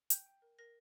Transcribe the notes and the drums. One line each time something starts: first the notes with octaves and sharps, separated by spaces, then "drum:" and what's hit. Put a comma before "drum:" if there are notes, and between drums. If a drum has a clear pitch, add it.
G5 G6, drum: hi-hat
G5
A#4
A#4 A#6